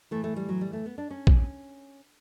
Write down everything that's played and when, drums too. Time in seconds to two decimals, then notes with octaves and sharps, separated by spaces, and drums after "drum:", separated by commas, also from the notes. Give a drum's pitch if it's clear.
0.11 A2 E3 A3
0.24 A3
0.36 G3
0.49 F#3
0.61 G3
0.73 A3
0.86 B3
0.98 D4
1.10 C#4
1.27 drum: kick